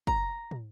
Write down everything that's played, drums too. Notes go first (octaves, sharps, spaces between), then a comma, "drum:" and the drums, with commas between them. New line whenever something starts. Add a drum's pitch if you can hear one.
A#5, drum: kick
drum: tom